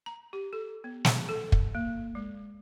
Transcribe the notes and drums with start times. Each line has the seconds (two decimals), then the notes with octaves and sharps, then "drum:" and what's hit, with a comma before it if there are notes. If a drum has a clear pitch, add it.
0.06 A#5
0.33 G4
0.53 A4
0.84 B3
1.05 drum: snare
1.29 A4
1.52 drum: kick
1.75 A#3
2.15 G#3